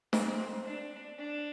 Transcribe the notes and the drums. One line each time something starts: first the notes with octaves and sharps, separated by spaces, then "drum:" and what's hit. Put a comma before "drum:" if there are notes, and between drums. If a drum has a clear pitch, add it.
C4, drum: snare
D4
D4